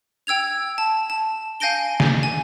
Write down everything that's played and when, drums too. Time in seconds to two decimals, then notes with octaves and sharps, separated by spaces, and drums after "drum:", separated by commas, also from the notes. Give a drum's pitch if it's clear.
0.27 G5 E6 G#6 F7
0.78 A5
1.10 A5
1.60 F5 G#5 G6 A#6 D7 G7
2.00 drum: snare
2.23 G#5